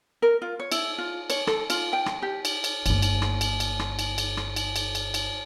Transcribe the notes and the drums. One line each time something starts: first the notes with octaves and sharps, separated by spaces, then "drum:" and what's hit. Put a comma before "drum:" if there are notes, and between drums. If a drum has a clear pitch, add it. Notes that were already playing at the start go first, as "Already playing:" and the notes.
A#4
F4
C#5
E4, drum: cymbal
F4
C#5, drum: cymbal
A4, drum: rim click
F4, drum: cymbal
G5
drum: rim click
G4
drum: cymbal
drum: cymbal
G1 A#3, drum: cymbal
drum: cymbal
drum: rim click
drum: cymbal
drum: cymbal
drum: rim click
drum: cymbal
drum: cymbal
drum: rim click
drum: cymbal
drum: cymbal
drum: cymbal
drum: cymbal